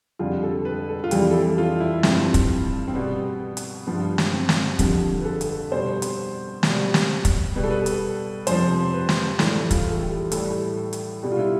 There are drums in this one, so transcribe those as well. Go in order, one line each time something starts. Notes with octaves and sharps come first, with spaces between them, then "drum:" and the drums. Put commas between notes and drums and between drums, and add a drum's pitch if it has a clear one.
F2 D3 G3 F4
A4
B4
A4
F4
F2 E3 G3 G4, drum: hi-hat
A4
G4
F4
E4
G2 F3 C4, drum: snare
drum: kick, hi-hat
C4
B2 G3 B3
drum: hi-hat
G2 F3 B3
drum: snare
C4
drum: snare
F2 D3 F3 G4, drum: kick, hi-hat
B4
A4
drum: hi-hat
B2 G3 C5
drum: hi-hat
B2 G3, drum: snare
drum: snare
drum: kick, hi-hat
B2 G3 B4
A4
B4
drum: hi-hat
F2 C3 F3 C5, drum: hi-hat
B4
drum: snare
A2 E3 G3 A4, drum: snare
F4, drum: kick, hi-hat
A4
G4
A2 G3 A4, drum: hi-hat
drum: hi-hat
B2 G3 G4
F4
E4